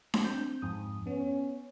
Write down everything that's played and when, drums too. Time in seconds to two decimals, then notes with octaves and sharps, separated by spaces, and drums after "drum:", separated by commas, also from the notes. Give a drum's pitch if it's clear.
0.14 drum: snare D4
0.24 C4 G6
0.62 F2 G#2 D#6
1.07 B3 C#4